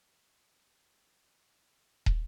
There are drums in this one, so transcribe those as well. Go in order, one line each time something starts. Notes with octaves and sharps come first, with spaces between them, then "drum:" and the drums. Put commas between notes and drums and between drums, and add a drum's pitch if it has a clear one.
C#5 D#5 B5
drum: kick